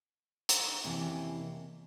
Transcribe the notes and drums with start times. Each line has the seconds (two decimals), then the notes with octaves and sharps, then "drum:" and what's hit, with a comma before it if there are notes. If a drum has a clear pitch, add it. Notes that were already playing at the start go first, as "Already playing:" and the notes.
0.49 drum: hi-hat
0.84 F2 C3 E3 A#3 C#4